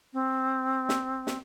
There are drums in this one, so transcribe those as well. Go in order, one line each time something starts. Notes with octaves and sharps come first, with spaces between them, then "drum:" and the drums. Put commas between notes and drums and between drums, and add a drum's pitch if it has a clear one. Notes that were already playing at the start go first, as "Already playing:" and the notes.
C4
drum: snare
drum: snare